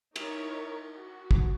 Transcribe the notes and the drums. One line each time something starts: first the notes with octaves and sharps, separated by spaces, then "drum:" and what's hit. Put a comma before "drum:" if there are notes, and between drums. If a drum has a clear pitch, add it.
D#4 E4 A#4 C#5, drum: cymbal
F#4
drum: kick